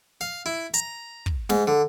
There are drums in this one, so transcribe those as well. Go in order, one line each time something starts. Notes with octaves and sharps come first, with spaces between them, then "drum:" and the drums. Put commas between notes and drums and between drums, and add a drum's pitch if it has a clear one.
F5
E4
A#5, drum: hi-hat
drum: kick
G#2, drum: snare
D3